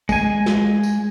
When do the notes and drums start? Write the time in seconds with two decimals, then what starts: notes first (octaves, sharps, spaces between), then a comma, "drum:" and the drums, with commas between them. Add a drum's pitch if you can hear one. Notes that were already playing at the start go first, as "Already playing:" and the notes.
0.09 G#3 G#5, drum: kick, tambourine
0.46 drum: snare
0.83 drum: tambourine